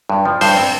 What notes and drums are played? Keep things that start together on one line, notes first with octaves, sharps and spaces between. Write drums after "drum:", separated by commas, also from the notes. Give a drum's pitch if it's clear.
G2
F3
G2 C5, drum: open hi-hat
C4